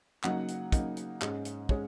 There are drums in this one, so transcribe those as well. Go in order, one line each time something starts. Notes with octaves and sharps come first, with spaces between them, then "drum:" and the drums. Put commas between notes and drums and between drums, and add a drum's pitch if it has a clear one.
C#3 F#3 A#3 D#4 F#5, drum: clap
drum: hi-hat
C#3 F#3 A#3 D#4, drum: kick, hi-hat
drum: hi-hat
G#2 G#3 C#4, drum: clap
drum: hi-hat
G#3 C#4 C#5, drum: kick